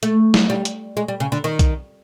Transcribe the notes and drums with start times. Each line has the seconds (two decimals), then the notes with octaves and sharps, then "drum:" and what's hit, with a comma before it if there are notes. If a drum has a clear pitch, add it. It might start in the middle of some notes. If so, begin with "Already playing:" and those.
0.03 A3, drum: hi-hat
0.34 drum: snare
0.50 G3
0.65 drum: hi-hat
0.97 G#3
1.08 G3
1.20 C#3
1.32 D3
1.44 D#3
1.59 drum: kick B1, hi-hat